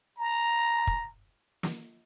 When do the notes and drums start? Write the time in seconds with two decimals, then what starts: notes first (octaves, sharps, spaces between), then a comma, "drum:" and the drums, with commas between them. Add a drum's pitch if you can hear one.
0.18 A#5
0.87 drum: kick
1.63 drum: snare